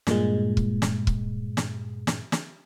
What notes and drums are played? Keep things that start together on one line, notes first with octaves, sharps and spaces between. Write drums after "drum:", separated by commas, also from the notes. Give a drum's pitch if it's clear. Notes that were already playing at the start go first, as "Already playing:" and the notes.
G2 A#2 G#3, drum: snare
drum: kick
drum: snare
drum: kick
drum: snare
drum: snare
drum: snare